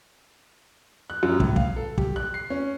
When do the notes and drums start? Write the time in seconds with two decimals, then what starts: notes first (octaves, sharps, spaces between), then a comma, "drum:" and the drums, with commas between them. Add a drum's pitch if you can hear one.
1.10 F#6
1.23 F#2
1.40 A2, drum: kick
1.56 F5, drum: kick
1.76 A4
1.98 G4, drum: kick
2.16 F#6
2.34 C7
2.50 C#4